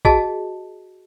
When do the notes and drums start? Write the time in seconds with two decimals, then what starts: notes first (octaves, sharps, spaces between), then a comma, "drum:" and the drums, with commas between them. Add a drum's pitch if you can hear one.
0.05 F#4 G#4 D#5 A5, drum: kick